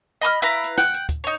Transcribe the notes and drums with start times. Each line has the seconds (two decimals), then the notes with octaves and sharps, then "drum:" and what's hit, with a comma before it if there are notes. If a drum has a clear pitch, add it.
0.21 D#5 B5 D#6 F6
0.42 E4 B4 F5 A#5
0.64 drum: hi-hat
0.78 F#5 G5, drum: snare
0.94 drum: hi-hat
1.09 drum: kick, hi-hat
1.24 D#4 C#5